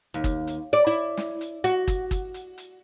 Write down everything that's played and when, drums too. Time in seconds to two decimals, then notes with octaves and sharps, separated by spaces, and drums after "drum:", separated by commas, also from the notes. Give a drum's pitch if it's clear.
0.14 D#2
0.24 drum: kick, hi-hat
0.47 drum: hi-hat
0.73 D5
0.87 E4
1.17 drum: snare
1.41 drum: hi-hat
1.64 F#4, drum: hi-hat
1.88 drum: kick, hi-hat
2.11 drum: kick, hi-hat
2.34 drum: hi-hat
2.58 drum: hi-hat